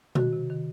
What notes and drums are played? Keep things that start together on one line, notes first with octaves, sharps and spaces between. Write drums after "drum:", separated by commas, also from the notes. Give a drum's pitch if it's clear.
D#3 F#4, drum: tom B2
C3
D#3